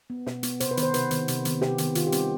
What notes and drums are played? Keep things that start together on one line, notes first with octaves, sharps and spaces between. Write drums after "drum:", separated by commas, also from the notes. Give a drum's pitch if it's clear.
B3
B2, drum: snare
B3, drum: hi-hat
C3 C5, drum: hi-hat
B4
D#3 B3, drum: hi-hat
C5
C3 B4, drum: hi-hat
D#3 B3, drum: hi-hat
C3, drum: hi-hat
D#3 B3, drum: hi-hat
C3 G4, drum: snare
D#3 B3, drum: hi-hat
D#3 F4, drum: hi-hat
G4
G3 C4, drum: hi-hat